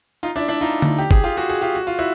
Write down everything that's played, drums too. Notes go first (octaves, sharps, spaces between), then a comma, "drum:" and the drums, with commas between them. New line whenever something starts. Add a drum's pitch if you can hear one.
D#4 F4
D4 E4
D4 E4
D#4 F4
drum: tom D3
G4
G#4, drum: kick
F4 G4
F#4 G#4
F#4 G#4
F4 G4
F#4
F4
E4 F#4